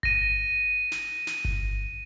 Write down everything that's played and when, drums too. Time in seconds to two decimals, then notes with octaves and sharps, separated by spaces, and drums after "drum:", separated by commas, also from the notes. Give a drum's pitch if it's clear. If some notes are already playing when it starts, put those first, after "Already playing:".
0.03 A#6 D#7, drum: kick G1
0.92 drum: snare
1.27 drum: snare
1.45 drum: kick G1